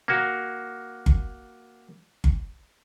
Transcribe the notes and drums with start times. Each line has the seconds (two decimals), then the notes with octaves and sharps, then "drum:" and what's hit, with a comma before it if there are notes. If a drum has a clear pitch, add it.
0.08 A#3 F#4
1.06 drum: kick G1
2.24 drum: kick G1